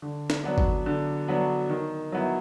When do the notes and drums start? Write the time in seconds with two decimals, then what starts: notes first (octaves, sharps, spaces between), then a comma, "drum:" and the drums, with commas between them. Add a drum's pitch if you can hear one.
0.02 D3
0.30 drum: snare
0.44 F#3 B3 D4
0.58 drum: kick G1
0.86 D3
1.28 F#3 B3 D4
1.70 D#3
2.12 F#3 B3 E4